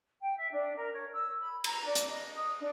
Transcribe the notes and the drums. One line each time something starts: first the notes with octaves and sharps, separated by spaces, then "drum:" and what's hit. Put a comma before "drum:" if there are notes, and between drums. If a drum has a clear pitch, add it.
G5
E5
D4
A#4
C#5
E6
B5
A#5, drum: cymbal
D4
drum: hi-hat
D#5
D#6
D4